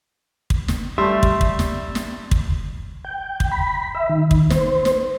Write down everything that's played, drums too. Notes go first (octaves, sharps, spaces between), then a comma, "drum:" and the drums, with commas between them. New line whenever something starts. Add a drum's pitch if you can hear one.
drum: kick
drum: snare
G3 A3 E5 C6
drum: kick
drum: kick
drum: snare
drum: snare
drum: kick
G5
drum: kick
B5
E5
D#3
drum: kick
C5, drum: snare
drum: snare